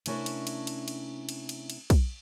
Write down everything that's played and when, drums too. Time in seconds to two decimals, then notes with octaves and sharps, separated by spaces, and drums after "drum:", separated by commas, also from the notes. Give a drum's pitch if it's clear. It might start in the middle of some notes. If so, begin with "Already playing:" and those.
0.06 C3 A3 C#4 D4 E4 A#4, drum: cymbal
0.26 drum: cymbal
0.47 drum: cymbal
0.67 drum: cymbal
0.88 drum: cymbal
1.29 drum: cymbal
1.49 drum: cymbal
1.70 drum: cymbal
1.90 drum: kick, cymbal